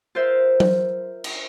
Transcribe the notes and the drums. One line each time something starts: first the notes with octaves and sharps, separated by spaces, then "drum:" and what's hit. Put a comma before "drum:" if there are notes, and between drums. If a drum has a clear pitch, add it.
F4 A#4 C5 E5
drum: tom F#3
drum: cymbal